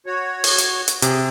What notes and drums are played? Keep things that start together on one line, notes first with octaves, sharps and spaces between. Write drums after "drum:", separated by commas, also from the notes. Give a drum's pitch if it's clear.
F#4 C#5
drum: open hi-hat
drum: hi-hat
drum: hi-hat
C3 G#4, drum: hi-hat